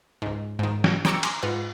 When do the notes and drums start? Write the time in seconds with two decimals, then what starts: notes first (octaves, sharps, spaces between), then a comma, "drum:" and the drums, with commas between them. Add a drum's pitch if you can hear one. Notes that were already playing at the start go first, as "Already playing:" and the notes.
0.22 C#2 G#2
0.59 G#2 D#3
0.84 drum: snare
1.05 G5 A#5 C#6 D6 E6 C#7, drum: snare
1.23 G#5 A#5 C6 D6, drum: cymbal
1.42 G#2 F4 B4 F#5